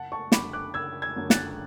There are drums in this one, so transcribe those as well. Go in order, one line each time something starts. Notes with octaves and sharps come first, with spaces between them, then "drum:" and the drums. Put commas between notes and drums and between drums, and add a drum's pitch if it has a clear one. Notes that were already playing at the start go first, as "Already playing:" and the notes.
Already playing: F#1 F#5 A5
A5 C#6
F#2 D3 A3 B5 D6, drum: snare
D6 F#6
F#1 E6 G#6
E6 G#6
F#2 D3 A3
F#6 A6, drum: snare